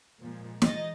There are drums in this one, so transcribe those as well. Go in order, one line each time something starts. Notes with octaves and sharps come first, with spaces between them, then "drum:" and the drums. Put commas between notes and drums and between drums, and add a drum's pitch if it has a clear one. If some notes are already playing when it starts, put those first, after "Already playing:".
A#2 F3 G#3
E3 F3 G#3 D#4 D#5 A6, drum: snare